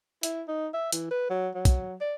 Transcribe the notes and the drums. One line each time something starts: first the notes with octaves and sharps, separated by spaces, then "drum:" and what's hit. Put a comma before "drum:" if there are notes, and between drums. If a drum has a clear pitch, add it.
E4, drum: hi-hat
D#4
E5
E3, drum: hi-hat
B4
F#3
F#3
drum: kick, hi-hat
D5